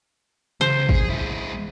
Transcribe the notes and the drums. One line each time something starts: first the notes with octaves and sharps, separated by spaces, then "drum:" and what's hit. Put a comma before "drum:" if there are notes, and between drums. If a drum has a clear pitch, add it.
C#2 C5
G#4, drum: kick
G#3 E4